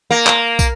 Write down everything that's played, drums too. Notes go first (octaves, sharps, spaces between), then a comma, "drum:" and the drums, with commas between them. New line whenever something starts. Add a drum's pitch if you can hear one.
A#3
drum: clap
drum: kick, tambourine